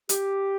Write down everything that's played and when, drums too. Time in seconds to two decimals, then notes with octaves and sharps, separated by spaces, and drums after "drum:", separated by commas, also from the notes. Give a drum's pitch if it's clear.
0.09 G4, drum: hi-hat